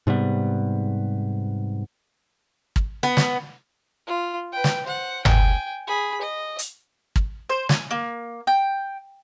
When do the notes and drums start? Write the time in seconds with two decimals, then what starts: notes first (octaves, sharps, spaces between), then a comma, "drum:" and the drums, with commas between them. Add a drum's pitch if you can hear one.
0.07 G#2 C3 G3 B3
2.76 drum: kick
3.03 B3
3.17 drum: snare
4.07 F4
4.52 B4 G5
4.64 drum: snare
4.85 C5 F#5
5.25 G5 G#5, drum: tom G1
5.87 G#4 B5
6.21 D#5
6.59 drum: hi-hat
7.16 drum: kick
7.49 C5
7.69 G#5, drum: snare
7.91 A#3
8.47 G5